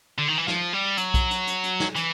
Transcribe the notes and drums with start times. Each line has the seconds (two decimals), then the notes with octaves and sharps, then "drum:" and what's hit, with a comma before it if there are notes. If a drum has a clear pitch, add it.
0.18 D3
0.28 D#3
0.38 E3
0.48 F3, drum: snare
0.73 G3
0.97 F#3, drum: hi-hat
1.14 drum: kick B1, hi-hat
1.31 drum: hi-hat
1.47 drum: hi-hat
1.64 drum: hi-hat
1.80 drum: snare
1.96 E3, drum: hi-hat